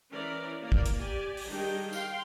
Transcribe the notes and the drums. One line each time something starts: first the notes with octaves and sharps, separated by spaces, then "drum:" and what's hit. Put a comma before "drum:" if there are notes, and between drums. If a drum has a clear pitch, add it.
E3 C#4 A#4 D5
A#3 A#4 D5
drum: kick
drum: hi-hat
G4 D5 G#5
drum: open hi-hat
D#3 G3 D4 D#4 G#4 G5
F5 G5 C6, drum: tambourine